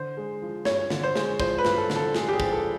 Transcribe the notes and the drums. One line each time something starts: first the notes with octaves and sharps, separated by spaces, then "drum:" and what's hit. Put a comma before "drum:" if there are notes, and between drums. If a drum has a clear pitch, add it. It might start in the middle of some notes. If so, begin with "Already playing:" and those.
Already playing: D3 C5
G#3
F3
G2 C#5, drum: snare
D3, drum: snare
C5
G#3, drum: snare
F3 C5, drum: kick
B4
G2, drum: snare
A4
D3, drum: snare
A4
G#3 G#4, drum: snare
G4
G#4
F3, drum: kick
A4